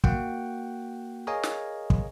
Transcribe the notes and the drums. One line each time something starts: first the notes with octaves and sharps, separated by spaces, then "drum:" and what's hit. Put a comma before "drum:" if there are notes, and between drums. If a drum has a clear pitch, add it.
A#3 F#4 F#5 G5, drum: kick
G#4 A#4 C#5 D#5 F5 G#5
drum: snare
drum: kick